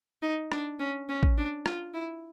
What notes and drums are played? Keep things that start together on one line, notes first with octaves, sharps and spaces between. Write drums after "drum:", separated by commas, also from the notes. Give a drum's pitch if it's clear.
D#4
D4, drum: rim click
C#4
C#4
drum: kick
D4
F4, drum: rim click
E4